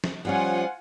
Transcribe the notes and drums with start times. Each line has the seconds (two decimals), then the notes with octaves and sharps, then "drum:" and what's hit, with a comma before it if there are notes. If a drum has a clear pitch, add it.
0.04 drum: snare
0.25 F3 G3 C#4 F4 F#5 G#5